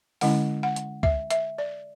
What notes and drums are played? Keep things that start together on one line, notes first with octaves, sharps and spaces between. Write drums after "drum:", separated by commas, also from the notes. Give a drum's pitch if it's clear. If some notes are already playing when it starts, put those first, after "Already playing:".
D3 G#3 C#4 E4 F#5, drum: open hi-hat
F#5
drum: hi-hat
E5, drum: kick C#2
E5, drum: hi-hat
D5